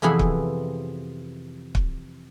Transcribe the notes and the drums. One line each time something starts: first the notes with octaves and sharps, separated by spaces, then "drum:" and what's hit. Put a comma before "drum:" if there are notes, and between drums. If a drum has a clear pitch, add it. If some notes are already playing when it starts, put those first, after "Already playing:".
F2 C3 E3 B3 G#4 B5
drum: kick
drum: kick